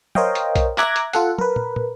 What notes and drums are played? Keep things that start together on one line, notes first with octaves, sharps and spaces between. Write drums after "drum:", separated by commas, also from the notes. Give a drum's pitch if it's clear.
A#4 C5 C#5 D#5 F5 G5, drum: tom
drum: hi-hat
drum: kick B1, hi-hat
E5 A#5 D6 F#6 G#6 A#6, drum: clap
drum: hi-hat
F4 A4 F#5, drum: hi-hat
A#4 B4, drum: tom
drum: tom
drum: tom